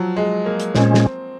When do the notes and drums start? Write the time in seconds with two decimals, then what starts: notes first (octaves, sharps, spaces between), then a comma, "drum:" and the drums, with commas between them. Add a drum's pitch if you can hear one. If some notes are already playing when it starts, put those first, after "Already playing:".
Already playing: F3 F#3
0.17 G#3
0.46 A#3
0.60 drum: hi-hat
0.75 A#2 G#3 C4 C#4, drum: snare
0.94 drum: snare